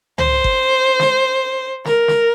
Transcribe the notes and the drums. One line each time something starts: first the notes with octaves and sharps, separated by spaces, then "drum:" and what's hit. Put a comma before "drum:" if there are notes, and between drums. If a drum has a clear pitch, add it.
C5, drum: tom
drum: kick G1
drum: snare
A#4, drum: snare
drum: snare